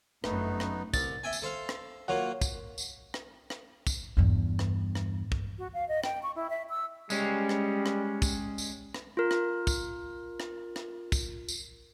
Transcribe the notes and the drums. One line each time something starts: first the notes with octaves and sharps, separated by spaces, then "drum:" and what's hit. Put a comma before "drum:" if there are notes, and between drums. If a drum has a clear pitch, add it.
G1 F#2 A3 B3 D#4 B4, drum: rim click
drum: rim click
C2 A6, drum: kick, tambourine
E5 G5 G#5
drum: tambourine
A4 C5 F5
drum: rim click
F#3 A#3 F4 C#5 F#5
drum: kick, tambourine
drum: tambourine
drum: rim click
drum: rim click
drum: kick, tambourine
E2 G2
drum: rim click
drum: rim click
drum: kick
F#4
F5
D#5
G5, drum: rim click
C#6
E4
E5
E6
G3 G#3 C#4, drum: tambourine
drum: rim click
drum: rim click
drum: kick, tambourine
drum: tambourine
drum: rim click
F4 A#4
drum: rim click
drum: kick, tambourine
drum: rim click
drum: rim click
drum: kick, tambourine
drum: tambourine